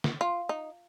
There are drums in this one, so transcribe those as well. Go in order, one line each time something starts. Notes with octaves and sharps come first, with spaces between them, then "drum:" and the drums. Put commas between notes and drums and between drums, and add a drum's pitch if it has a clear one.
drum: snare
F4
D#4